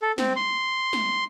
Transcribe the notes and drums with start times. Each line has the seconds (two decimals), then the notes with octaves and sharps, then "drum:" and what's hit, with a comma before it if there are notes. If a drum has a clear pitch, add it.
0.02 A4
0.18 C4, drum: snare
0.36 C6
0.93 drum: snare